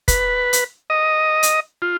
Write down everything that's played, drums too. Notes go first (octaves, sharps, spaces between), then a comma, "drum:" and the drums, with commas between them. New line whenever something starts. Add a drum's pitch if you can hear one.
B4, drum: kick, hi-hat
drum: hi-hat
D#5
drum: hi-hat
F4